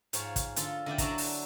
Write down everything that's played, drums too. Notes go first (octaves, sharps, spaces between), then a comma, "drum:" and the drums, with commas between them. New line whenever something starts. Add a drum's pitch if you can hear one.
G#2 F3 C#5, drum: hi-hat
drum: kick, hi-hat
D3 F4 A4, drum: hi-hat
D3 E4 D5 G5
F#3 D4 F#4 D5 A5 A#5, drum: kick, hi-hat
drum: open hi-hat